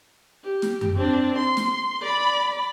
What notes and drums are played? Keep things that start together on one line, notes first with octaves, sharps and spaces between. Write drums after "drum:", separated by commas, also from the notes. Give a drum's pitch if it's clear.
G4
drum: snare
drum: tom F#2
C4 D4
C6
drum: snare
D5 B5